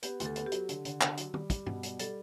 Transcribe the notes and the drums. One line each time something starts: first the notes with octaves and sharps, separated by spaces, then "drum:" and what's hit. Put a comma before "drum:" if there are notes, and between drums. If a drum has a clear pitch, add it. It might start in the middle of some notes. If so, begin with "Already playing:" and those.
B3 G4, drum: hi-hat
D2, drum: hi-hat
A4
B3 A4, drum: hi-hat
G4
F#3, drum: hi-hat
D3, drum: hi-hat
D3, drum: hi-hat
D3, drum: clap
F#3, drum: hi-hat
G3, drum: tom
G3, drum: kick, hi-hat
B2, drum: tom G2
G3, drum: hi-hat
G3 A4, drum: hi-hat